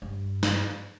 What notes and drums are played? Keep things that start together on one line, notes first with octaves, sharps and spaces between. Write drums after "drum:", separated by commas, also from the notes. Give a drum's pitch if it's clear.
G2
drum: snare